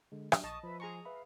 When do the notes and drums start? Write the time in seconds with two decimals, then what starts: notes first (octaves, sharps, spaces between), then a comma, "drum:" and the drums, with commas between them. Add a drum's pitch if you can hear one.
0.12 D3 G#3
0.32 F#3 D4 G4, drum: rim click
0.43 A#1 D#5 A5 C#6 D#6
0.63 F3 B4 E5 B5
0.80 G#4 G#5 A#5 C6 C#6
1.05 B4 E5 F5 B5